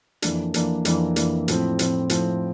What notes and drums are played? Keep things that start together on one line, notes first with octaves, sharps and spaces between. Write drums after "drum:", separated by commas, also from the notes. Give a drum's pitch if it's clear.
F2 E3 A#3 D4, drum: hi-hat
F2 E3 A#3 D4, drum: hi-hat
F2 E3 A#3 D4, drum: hi-hat
F2 E3 A#3 D4, drum: hi-hat
A2 F3 C4, drum: hi-hat
A2 F3 C4, drum: hi-hat
A2 F3 C4, drum: hi-hat